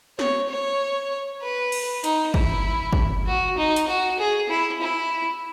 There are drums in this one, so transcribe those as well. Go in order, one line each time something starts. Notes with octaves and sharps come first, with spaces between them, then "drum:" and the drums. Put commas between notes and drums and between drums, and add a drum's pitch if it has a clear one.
C#5, drum: snare
C#5
B4
drum: cymbal
D#4, drum: hi-hat
E4, drum: kick
drum: kick
F#4
D#4
drum: hi-hat
F#4
G#4
E4
E4